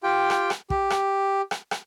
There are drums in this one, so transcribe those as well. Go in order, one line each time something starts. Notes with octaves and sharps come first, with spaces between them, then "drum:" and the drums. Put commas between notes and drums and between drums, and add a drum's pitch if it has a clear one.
F4 G4 G5
drum: rim click
drum: rim click
G4, drum: kick
drum: rim click
drum: rim click
drum: rim click